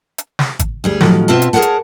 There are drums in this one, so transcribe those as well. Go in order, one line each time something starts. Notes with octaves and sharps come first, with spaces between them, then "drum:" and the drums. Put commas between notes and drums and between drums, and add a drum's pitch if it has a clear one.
drum: hi-hat
drum: snare
drum: kick G#1, hi-hat
D2 G3 G#4
A2 D#3 F3 F#3, drum: snare
B2 C4 F4 E5 A5
drum: hi-hat
G#4 A#4 B4 C#5 F#5 A5
drum: hi-hat